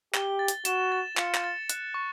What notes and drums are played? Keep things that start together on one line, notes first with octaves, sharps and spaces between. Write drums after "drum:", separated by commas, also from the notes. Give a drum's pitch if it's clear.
G4 G7, drum: clap
A6
drum: hi-hat
F#4 E7, drum: hi-hat
A6
F4 C#7, drum: clap
drum: clap
A6
F#6, drum: hi-hat
C#6